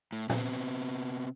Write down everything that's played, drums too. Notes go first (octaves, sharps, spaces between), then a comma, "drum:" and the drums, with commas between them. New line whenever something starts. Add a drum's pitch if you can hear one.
A2
C3 B3 C4, drum: tom A#2